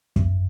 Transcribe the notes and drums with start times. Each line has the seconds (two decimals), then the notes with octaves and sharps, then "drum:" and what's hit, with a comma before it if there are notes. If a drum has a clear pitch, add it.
0.16 F#2, drum: kick